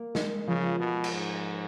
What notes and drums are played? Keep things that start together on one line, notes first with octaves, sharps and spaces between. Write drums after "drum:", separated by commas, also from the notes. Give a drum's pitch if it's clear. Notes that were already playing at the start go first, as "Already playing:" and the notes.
Already playing: A#3
G#3, drum: snare
C#3 F3
B2
drum: cymbal
G#2